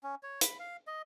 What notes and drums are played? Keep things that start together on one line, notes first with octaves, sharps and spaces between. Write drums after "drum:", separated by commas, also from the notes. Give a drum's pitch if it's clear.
C#4
C#5
B5, drum: hi-hat
F5
D#5